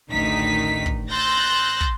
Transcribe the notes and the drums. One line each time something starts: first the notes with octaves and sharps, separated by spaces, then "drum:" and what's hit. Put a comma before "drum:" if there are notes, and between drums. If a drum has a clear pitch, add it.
A1 D2 D#3 D#4 B6
drum: kick
C6 E6 F#6 G6 A6 A#6
drum: kick